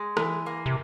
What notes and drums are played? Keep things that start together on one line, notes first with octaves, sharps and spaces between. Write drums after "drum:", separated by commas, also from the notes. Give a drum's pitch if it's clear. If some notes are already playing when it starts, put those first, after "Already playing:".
Already playing: G#3
E3, drum: rim click
A#3
C3